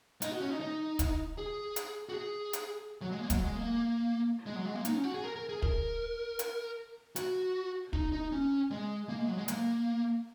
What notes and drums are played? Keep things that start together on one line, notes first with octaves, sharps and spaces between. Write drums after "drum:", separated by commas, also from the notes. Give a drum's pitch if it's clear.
D#4, drum: hi-hat
F#4
C#4
D#4
D#4
drum: kick, hi-hat
G#4
drum: hi-hat
F#4
G#4
drum: hi-hat
F#3
G#3
A#3
G#3
F#3, drum: kick, hi-hat
G#3
A#3
G#3
F#3
G#3
A#3
D#4, drum: hi-hat
C#4
F#4
G#4
A#4
A#4
G#4
A#4, drum: kick
drum: hi-hat
F#4, drum: hi-hat
D#4, drum: kick
D#4
C#4
G#3
A#3
G#3
F#3
G#3
A#3, drum: hi-hat